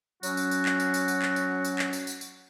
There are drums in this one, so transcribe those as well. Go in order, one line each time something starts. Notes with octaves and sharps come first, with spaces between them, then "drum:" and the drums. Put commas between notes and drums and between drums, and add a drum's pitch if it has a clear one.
F#3 C#4 F#4, drum: tambourine
drum: tambourine
drum: tambourine
drum: clap
drum: tambourine
drum: tambourine
drum: tambourine
drum: clap
drum: tambourine
drum: tambourine
drum: clap
drum: tambourine
drum: tambourine
drum: tambourine